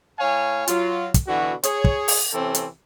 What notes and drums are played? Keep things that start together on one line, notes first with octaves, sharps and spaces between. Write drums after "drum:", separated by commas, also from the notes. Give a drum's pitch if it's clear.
A2 C#5 F5 G#5
F#3 F4, drum: hi-hat
drum: kick, hi-hat
B2 D3 E3 F#4
G#4 C#5, drum: hi-hat
drum: kick
drum: open hi-hat
C3 E3 C4 C#4 A4
drum: hi-hat